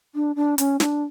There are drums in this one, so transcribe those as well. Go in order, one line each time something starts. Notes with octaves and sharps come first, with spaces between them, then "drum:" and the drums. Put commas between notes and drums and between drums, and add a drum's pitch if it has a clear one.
D4
D4
C#4, drum: hi-hat
D4, drum: snare